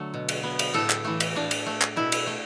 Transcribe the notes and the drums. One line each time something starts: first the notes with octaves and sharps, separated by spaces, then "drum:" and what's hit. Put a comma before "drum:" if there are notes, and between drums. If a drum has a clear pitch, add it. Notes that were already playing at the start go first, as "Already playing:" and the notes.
Already playing: D3 F#3 A3
B2
drum: cymbal
B3
drum: cymbal
A2 A4
drum: clap
E3 A3
drum: cymbal
A2 D4
drum: cymbal
A3
drum: clap
B2 E4
drum: cymbal
A3